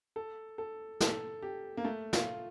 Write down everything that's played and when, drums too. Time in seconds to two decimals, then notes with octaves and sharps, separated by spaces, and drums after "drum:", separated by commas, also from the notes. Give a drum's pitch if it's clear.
0.16 A4
0.58 A4
1.00 A4, drum: snare
1.42 G4
1.77 A#3
1.85 A3
2.13 F4, drum: snare